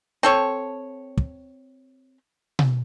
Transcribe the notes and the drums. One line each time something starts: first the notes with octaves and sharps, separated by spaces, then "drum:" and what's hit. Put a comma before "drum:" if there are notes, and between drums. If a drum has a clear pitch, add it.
C4 A4 C#5
drum: kick
drum: tom B2